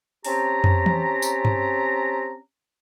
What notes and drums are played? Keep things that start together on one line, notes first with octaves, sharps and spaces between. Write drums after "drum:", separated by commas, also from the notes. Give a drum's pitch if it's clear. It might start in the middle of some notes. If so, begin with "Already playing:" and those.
C4 C#4 G4 A5 A#5, drum: open hi-hat
drum: tom
drum: tom E3
drum: tambourine
drum: tom G2